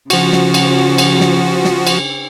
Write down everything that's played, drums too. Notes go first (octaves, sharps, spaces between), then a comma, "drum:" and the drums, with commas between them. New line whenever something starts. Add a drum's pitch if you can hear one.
C#3 F3 F#4, drum: cymbal
drum: snare
drum: cymbal
drum: cymbal
drum: snare
drum: snare
drum: cymbal